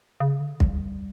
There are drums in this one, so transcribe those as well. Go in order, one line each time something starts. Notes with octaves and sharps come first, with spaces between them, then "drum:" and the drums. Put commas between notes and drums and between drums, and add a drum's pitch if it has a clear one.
C#3
D3
G3, drum: kick